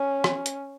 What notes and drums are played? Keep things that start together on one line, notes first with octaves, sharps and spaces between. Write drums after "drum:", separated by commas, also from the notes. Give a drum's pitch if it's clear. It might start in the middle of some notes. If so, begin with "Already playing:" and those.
Already playing: C#4
drum: rim click
drum: hi-hat